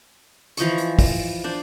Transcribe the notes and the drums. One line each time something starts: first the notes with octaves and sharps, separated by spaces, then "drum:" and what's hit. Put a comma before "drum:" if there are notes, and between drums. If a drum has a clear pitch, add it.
E3 F3 D#5 C#6, drum: hi-hat
drum: hi-hat
drum: kick, open hi-hat
D4 C5